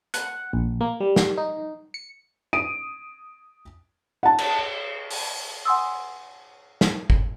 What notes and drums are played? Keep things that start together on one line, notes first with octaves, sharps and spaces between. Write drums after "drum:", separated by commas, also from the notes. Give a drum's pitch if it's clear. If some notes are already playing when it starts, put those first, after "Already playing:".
F#5, drum: hi-hat
A#1
A#3
G3
drum: snare
D#4
C#7
D#6 D7 D#7
F#5 A5
drum: cymbal
drum: open hi-hat
F#5 G#5 C6 D#6 E6
drum: snare
drum: kick G1